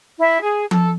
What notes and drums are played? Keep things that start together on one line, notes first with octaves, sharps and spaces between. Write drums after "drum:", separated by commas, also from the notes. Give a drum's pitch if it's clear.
E4
G#4
A4, drum: tom F3